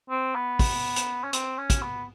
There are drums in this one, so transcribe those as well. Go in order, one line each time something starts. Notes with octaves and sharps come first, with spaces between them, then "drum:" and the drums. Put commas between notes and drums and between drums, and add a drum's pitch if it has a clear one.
C4
B3
drum: kick, open hi-hat
drum: hi-hat
C#4
C4, drum: hi-hat
C#4
drum: kick, hi-hat
B3